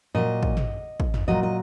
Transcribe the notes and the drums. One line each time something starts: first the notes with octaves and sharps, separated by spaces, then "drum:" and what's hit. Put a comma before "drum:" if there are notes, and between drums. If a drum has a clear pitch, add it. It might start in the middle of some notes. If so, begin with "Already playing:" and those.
A#2 F#3 D#5
drum: kick
drum: tom
drum: kick
drum: tom
A#2 F#3 D#5
D#5